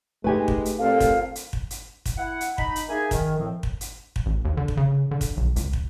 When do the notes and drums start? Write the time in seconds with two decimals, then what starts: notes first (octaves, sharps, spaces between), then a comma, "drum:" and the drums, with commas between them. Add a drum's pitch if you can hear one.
0.24 G#3 A3 D#4 G4 B4 G#5
0.48 drum: kick
0.65 drum: hi-hat
0.79 A#2 C4 A4 F5
1.00 drum: kick, hi-hat
1.35 drum: hi-hat
1.53 drum: kick
1.71 drum: hi-hat
2.06 drum: kick, hi-hat
2.18 E4 F#5
2.41 drum: hi-hat
2.58 D#4 B5, drum: kick
2.76 drum: hi-hat
2.89 A#3 D#4 G#4 E5 G#5
3.11 D#3, drum: kick, hi-hat
3.38 A2 F3 C4
3.63 drum: kick
3.81 drum: hi-hat
4.16 drum: kick
4.26 A1
4.45 D#2
4.57 D3
4.68 drum: kick
4.77 C#3
5.11 D3
5.21 drum: kick, hi-hat
5.37 B1
5.56 C#2, drum: hi-hat
5.73 drum: kick